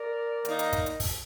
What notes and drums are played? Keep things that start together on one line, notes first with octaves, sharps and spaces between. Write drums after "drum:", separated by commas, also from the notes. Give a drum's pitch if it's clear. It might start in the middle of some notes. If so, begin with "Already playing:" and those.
Already playing: A#4 D5
D#3 A#3 D#4, drum: hi-hat
drum: hi-hat
drum: kick, hi-hat
drum: hi-hat
drum: kick, open hi-hat